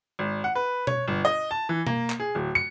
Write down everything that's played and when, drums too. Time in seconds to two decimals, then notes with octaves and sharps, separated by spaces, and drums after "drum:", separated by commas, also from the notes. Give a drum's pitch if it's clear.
0.19 G#1
0.44 F#5
0.56 B4
0.87 C#5, drum: tom B2
1.08 G1
1.25 D#5
1.51 A5
1.69 E3
1.86 A#3, drum: tom B2
2.10 drum: clap
2.20 G#4
2.35 D1
2.55 C#7